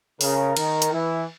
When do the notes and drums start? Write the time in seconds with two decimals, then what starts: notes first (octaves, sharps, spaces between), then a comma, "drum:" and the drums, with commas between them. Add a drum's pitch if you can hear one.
0.21 C#3 A#4, drum: open hi-hat
0.57 D#3 A#4, drum: cymbal
0.82 drum: hi-hat
0.92 E3 E4